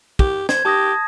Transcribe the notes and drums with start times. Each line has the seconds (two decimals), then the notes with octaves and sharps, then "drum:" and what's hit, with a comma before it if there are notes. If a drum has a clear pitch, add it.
0.19 G4, drum: kick
0.49 C5 G#6, drum: snare
0.65 G4 A5 D#6 A#6